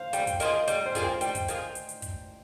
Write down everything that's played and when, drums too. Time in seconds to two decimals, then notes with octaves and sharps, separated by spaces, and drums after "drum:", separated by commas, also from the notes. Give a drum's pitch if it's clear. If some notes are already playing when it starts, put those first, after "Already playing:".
Already playing: C5 F5
0.13 G3 G5, drum: hi-hat
0.27 drum: kick, hi-hat
0.40 A#3 F4 G#4 D#5, drum: hi-hat
0.67 G3 D5, drum: hi-hat
0.86 C5
0.95 A#3 F4 G#4, drum: kick, hi-hat
1.04 G5
1.21 G3 G5, drum: hi-hat
1.35 drum: kick, hi-hat
1.48 A#3 F4 G#4, drum: hi-hat
1.75 drum: hi-hat
1.89 drum: hi-hat
2.02 drum: kick, hi-hat